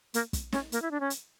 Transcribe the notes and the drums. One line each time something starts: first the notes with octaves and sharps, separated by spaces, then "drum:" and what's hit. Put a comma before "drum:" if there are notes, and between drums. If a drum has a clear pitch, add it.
A#3, drum: hi-hat
drum: kick, hi-hat
C#4, drum: snare
A#3, drum: hi-hat
E4
D4
C#4
drum: hi-hat